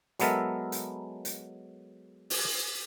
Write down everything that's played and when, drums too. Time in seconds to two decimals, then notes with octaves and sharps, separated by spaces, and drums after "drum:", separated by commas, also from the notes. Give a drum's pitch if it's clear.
0.19 F#3 G#3 B3 A4 A#4 E5, drum: hi-hat
0.72 drum: hi-hat
1.25 drum: hi-hat
2.30 drum: open hi-hat